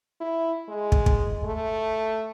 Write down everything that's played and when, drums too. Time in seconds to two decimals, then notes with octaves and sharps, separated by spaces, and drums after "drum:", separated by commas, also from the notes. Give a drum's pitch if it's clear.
0.20 E4
0.69 G#3
0.92 drum: kick
1.06 drum: kick
1.45 A3